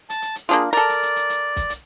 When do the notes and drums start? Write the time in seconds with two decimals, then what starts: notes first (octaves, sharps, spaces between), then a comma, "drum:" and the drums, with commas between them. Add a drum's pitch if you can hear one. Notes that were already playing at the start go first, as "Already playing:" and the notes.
0.10 A5, drum: hi-hat
0.22 drum: hi-hat
0.35 drum: hi-hat
0.49 A#3 D4 F4 G#4, drum: hi-hat
0.73 A4 A#4 D5
0.89 drum: hi-hat
1.03 drum: hi-hat
1.16 drum: hi-hat
1.29 drum: hi-hat
1.56 drum: kick, hi-hat
1.70 drum: hi-hat